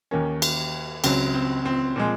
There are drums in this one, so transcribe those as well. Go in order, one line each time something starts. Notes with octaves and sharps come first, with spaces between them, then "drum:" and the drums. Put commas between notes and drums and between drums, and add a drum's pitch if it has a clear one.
D#2 D#3 A#3 C#4
drum: cymbal
C#2 C#3 F#3 C4, drum: cymbal
C4
C4
A#2 F3 G#3 C4